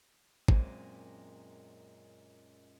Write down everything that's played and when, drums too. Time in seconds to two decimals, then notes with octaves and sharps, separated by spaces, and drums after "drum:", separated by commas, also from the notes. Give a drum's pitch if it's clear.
0.48 F#2 A#2 G#3 A#3 C4 C#4, drum: kick